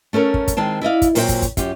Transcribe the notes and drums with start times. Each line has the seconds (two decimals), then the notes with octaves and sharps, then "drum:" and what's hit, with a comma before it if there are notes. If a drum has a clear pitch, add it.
0.13 A3 C#4 A4 A#4
0.34 drum: kick
0.48 drum: kick, hi-hat
0.57 D#3 G#3 C4 A5
0.81 E4 D5 D#5 F5
1.02 drum: kick, hi-hat
1.15 A#2 F#3 C4 C5 C#5 G5, drum: open hi-hat
1.29 drum: kick, hi-hat
1.42 drum: kick, hi-hat
1.57 F#2 F4 G4, drum: kick, hi-hat